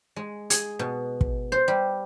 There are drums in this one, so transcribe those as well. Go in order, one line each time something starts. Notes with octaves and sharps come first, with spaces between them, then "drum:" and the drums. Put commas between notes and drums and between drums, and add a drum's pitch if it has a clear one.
G#3
G#4, drum: hi-hat
B2
drum: kick
C5
G3